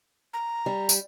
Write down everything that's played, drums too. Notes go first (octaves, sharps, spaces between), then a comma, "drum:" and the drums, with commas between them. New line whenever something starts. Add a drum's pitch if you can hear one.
A#5
G3
drum: tambourine